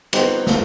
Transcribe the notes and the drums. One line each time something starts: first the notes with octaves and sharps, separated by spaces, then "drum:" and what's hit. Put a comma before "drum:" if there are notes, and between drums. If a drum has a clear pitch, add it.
G3 B3 D#4 G4 C5, drum: cymbal
drum: snare